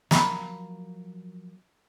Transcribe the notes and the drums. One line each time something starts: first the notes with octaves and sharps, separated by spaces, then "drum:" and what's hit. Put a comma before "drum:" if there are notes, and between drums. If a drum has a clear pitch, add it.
F3 F#3 A#3 A#5 B5, drum: snare